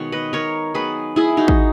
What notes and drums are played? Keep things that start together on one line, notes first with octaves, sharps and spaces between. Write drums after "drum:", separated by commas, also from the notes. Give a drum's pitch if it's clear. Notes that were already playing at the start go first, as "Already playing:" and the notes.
Already playing: B2 D#3 G#3 B3 C#5
B4 D#5
A#4 C#5
D#3 F#3 B3 G#4 B4
E4 G#4
D#4 F#4
drum: kick